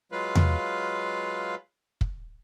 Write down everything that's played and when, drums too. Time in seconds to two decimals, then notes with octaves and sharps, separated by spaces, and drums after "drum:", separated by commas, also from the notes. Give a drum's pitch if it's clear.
0.12 F#3 G#3 F4 B4 F5
0.35 drum: tom E2
2.01 drum: kick